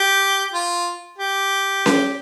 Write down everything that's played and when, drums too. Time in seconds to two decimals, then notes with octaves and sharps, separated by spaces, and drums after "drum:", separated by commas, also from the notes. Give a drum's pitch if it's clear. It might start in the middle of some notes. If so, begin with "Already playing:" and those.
Already playing: G4
0.53 F4
1.18 G4
1.86 drum: snare C#4